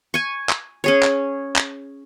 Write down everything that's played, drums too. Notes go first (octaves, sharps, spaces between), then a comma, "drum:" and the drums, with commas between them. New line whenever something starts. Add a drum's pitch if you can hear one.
G#5 C#6
drum: clap
C#4 G#4 C#5
drum: clap
drum: clap